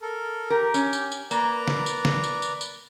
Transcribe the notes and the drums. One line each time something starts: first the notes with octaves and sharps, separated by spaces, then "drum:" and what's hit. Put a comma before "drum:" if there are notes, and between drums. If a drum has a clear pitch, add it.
A4 A#4
G4 A#4
C#4, drum: tambourine
drum: tambourine
drum: tambourine
A#3 B4 D5 A#5, drum: tambourine
drum: snare
drum: tambourine
drum: snare
drum: tambourine
drum: tambourine
drum: tambourine